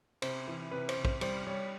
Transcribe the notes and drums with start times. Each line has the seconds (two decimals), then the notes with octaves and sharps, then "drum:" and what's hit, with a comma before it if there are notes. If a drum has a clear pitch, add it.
0.22 C3 C5, drum: cymbal
0.48 E3
0.71 C3 B4
0.89 C5, drum: cymbal
0.97 C3
1.05 C5, drum: kick
1.21 G3 C5, drum: cymbal
1.47 G3 C#5